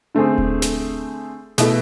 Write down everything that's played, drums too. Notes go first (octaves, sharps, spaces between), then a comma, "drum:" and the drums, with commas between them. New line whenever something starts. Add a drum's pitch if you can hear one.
D3 A3 C4 G#4
drum: kick D#1
drum: snare
B2 A3 E4 A4, drum: snare